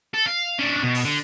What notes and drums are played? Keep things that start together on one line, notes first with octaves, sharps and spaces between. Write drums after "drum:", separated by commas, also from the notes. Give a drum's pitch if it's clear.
A4
F5
C#4 D4
B2
drum: open hi-hat
D3